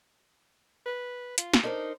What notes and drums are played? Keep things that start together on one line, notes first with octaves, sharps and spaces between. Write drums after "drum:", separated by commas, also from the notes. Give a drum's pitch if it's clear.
B4
F4, drum: hi-hat
drum: snare
D4 D#4 A#4 C5